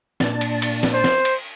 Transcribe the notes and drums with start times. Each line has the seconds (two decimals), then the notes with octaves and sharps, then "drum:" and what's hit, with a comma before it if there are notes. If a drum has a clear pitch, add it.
0.20 A#2 D4 A5, drum: snare
0.41 drum: cymbal
0.62 drum: cymbal
0.83 drum: snare
0.94 C5
1.04 drum: snare
1.25 drum: cymbal